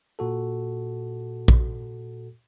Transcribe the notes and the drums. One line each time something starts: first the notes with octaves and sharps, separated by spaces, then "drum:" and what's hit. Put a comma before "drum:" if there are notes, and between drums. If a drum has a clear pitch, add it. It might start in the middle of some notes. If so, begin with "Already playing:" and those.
A#2 F#4 A4
drum: kick A#1